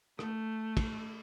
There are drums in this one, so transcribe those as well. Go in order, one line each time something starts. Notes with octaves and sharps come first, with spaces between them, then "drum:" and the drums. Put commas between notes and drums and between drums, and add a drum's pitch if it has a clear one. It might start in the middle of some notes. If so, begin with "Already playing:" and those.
A3, drum: rim click
drum: kick, cymbal